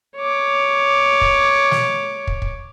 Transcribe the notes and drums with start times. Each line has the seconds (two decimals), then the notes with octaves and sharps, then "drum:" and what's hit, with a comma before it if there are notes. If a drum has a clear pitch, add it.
0.17 C#5 D6
1.21 drum: kick
1.71 drum: snare
2.27 drum: kick
2.42 drum: kick